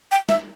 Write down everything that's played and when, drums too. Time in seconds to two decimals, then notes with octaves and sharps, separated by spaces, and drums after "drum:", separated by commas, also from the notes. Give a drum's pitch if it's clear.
0.11 G5
0.29 E5, drum: snare